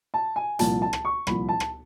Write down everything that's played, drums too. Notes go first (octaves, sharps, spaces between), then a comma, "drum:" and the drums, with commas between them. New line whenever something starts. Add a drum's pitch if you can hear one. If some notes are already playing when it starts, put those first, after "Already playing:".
A5
G#5
C2 A#2 F3 A5, drum: hi-hat
A5
drum: rim click
C#6
C2 A#2 F3 B5, drum: rim click
A5
drum: rim click